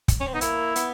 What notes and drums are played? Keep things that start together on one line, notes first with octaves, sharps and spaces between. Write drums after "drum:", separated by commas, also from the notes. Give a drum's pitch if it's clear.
drum: kick, hi-hat
C#4
C4
B3 D#4
A#3 E4, drum: hi-hat
B3, drum: hi-hat